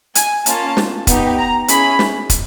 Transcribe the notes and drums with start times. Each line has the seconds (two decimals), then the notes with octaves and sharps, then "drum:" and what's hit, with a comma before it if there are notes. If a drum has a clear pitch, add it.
0.15 G#5, drum: hi-hat
0.46 A#3 C#4 F4 A5, drum: hi-hat
0.77 drum: snare
1.07 B3 D#4 G4, drum: kick, hi-hat
1.38 A#5
1.68 C#4 E4 G#4 B5, drum: hi-hat
1.99 drum: snare
2.30 drum: kick, hi-hat